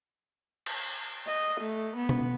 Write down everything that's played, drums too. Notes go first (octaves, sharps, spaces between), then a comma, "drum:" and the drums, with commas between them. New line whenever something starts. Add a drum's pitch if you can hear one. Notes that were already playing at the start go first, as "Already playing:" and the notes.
drum: cymbal
D#5
A3
B3
drum: tom B2